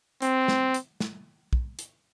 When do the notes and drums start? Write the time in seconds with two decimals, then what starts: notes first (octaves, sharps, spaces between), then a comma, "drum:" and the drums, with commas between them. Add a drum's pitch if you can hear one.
0.22 C4, drum: hi-hat
0.48 drum: snare
0.74 drum: hi-hat
1.00 drum: snare
1.53 drum: kick
1.79 drum: hi-hat